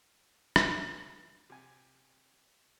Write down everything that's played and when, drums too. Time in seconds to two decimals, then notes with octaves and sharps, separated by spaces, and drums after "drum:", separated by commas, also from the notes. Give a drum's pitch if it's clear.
0.56 drum: rim click
1.50 C3 G#5